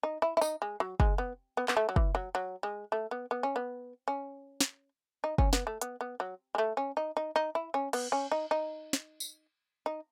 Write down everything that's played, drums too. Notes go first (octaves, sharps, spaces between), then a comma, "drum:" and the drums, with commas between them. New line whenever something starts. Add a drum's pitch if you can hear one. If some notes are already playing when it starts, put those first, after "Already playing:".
D#4
E4
E4
D#4, drum: tambourine
G#3
F#3
G#3, drum: kick
B3
B3
B3, drum: clap
A3
F#3
E3, drum: kick
F#3
F#3
G#3
A3
B3
B3
C#4
B3
C#4
drum: snare
D#4
C#4, drum: kick
B3, drum: snare
A3
B3, drum: hi-hat
B3
F#3
G#3
A3
C#4
D#4
D#4
D#4
E4
C#4
B3, drum: cymbal
C#4
D#4
D#4
drum: snare
drum: tambourine
D#4